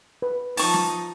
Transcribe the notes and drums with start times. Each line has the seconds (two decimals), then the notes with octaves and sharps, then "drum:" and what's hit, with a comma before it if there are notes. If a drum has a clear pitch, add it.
0.22 B4
0.57 F3 D#4 A5 C#6, drum: open hi-hat
0.74 drum: snare